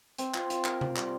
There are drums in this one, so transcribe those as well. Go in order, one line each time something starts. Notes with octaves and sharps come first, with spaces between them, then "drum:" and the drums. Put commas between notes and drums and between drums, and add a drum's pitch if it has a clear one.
C4, drum: hi-hat
F4, drum: clap
F4, drum: hi-hat
A#4, drum: clap
C4, drum: tom C3
G3, drum: clap